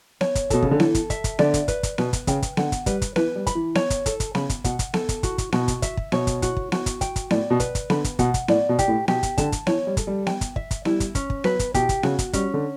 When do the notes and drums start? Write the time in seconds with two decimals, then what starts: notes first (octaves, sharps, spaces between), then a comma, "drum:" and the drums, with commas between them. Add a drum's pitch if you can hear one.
0.21 C#5, drum: snare B3
0.35 drum: kick, hi-hat
0.50 B2 A4, drum: kick, hi-hat
0.62 C#3, drum: kick
0.71 D3
0.80 E3 A4, drum: snare B3
0.95 drum: kick, hi-hat
1.10 E5, drum: kick, hi-hat
1.24 drum: kick, hi-hat
1.39 D3 D5, drum: snare B3
1.54 drum: kick, hi-hat
1.68 B4, drum: kick, hi-hat
1.83 drum: kick, hi-hat
1.98 B2 B4, drum: snare B3
2.13 drum: kick, hi-hat
2.27 C#3 G5, drum: kick, hi-hat
2.42 drum: kick, hi-hat
2.57 D3 F#5, drum: snare B3
2.72 drum: kick, hi-hat
2.86 G3 B4, drum: kick, hi-hat
3.02 drum: kick, hi-hat
3.16 E3 B4, drum: snare B3
3.36 G3
3.47 B5, drum: kick, hi-hat
3.55 E3
3.75 C#5, drum: snare B3
3.90 drum: kick, hi-hat
4.06 A4, drum: kick, hi-hat
4.20 drum: kick, hi-hat
4.35 C#3 B5, drum: snare B3
4.49 drum: kick, hi-hat
4.64 B2 F#5, drum: kick, hi-hat
4.79 drum: kick, hi-hat
4.94 A4, drum: snare B3
5.09 drum: kick, hi-hat
5.23 F#4, drum: kick, hi-hat
5.38 drum: kick, hi-hat
5.52 B2 F#4, drum: snare B3
5.68 drum: kick, hi-hat
5.82 E5, drum: kick, hi-hat
5.97 drum: kick
6.12 B2 C#5, drum: snare B3
6.27 drum: kick, hi-hat
6.42 F#4, drum: kick, hi-hat
6.57 drum: kick
6.72 F#4, drum: snare B3
6.86 drum: kick, hi-hat
7.01 G5, drum: kick, hi-hat
7.16 drum: kick, hi-hat
7.30 A2 D5, drum: snare B3
7.50 B2
7.60 B4, drum: kick, hi-hat
7.75 drum: kick, hi-hat
7.90 D3 B5, drum: snare B3
8.04 drum: kick, hi-hat
8.19 B2 F#5, drum: kick, hi-hat
8.34 drum: kick, hi-hat
8.48 A2 D5, drum: snare B3
8.69 B2
8.79 G4, drum: kick, hi-hat
8.88 A2
9.08 B2 G4, drum: snare B3
9.23 drum: kick, hi-hat
9.38 D3 A5, drum: kick, hi-hat
9.52 drum: kick, hi-hat
9.67 E3 C#5, drum: snare B3
9.87 G3
9.97 A4, drum: kick, hi-hat
10.07 G3
10.27 G5, drum: snare B3
10.41 drum: kick, hi-hat
10.56 E5, drum: kick
10.71 drum: kick, hi-hat
10.85 G3 E4, drum: snare B3
11.00 drum: kick, hi-hat
11.15 C#4, drum: kick, hi-hat
11.30 drum: kick
11.44 F#3 B4, drum: snare B3
11.59 drum: kick, hi-hat
11.74 B2 G4, drum: kick, hi-hat
11.89 drum: kick, hi-hat
12.03 C#3 F#4, drum: snare B3
12.19 drum: kick, hi-hat
12.33 G3 C#4, drum: kick, hi-hat
12.54 D3